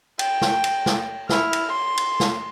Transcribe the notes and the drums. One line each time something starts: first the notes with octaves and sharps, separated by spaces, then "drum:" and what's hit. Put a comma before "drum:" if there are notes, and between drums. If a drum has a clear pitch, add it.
G5, drum: cymbal
drum: snare
drum: cymbal
drum: snare
E4 F6, drum: snare
drum: cymbal
C6
drum: cymbal
drum: snare